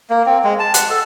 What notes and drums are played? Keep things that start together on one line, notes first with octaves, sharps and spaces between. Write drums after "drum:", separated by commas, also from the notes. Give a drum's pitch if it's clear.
A#3
C4
G#3
A5
F#5, drum: hi-hat
A4